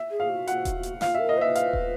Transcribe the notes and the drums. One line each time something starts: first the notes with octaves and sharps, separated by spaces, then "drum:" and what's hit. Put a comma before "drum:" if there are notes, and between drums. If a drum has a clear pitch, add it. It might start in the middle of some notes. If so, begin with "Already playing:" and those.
Already playing: E5
G#4
F5
G4
F#4
F#5, drum: hi-hat
drum: kick D#1, hi-hat
drum: hi-hat
F4 F5, drum: snare
A#4 E5
D#5
C5
B4 E5
F5, drum: hi-hat
drum: kick D#1